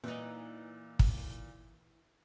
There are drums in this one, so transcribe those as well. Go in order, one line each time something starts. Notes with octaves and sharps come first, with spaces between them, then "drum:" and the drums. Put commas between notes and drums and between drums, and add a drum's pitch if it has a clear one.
A#2 E3 D#4
drum: kick